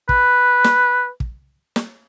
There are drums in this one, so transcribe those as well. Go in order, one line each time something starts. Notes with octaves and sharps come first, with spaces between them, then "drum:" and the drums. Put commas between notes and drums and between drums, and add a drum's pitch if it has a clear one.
B4, drum: kick
drum: snare
drum: kick
drum: snare